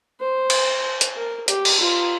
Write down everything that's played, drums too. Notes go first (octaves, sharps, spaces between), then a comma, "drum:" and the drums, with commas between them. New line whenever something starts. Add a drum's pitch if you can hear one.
C5
drum: cymbal
drum: hi-hat
A#4
G4, drum: hi-hat
drum: cymbal
F4